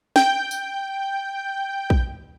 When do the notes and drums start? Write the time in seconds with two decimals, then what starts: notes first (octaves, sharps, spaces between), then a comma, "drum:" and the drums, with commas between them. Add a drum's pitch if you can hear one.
0.16 G5 G6, drum: snare
0.51 drum: tambourine
1.90 drum: kick A#1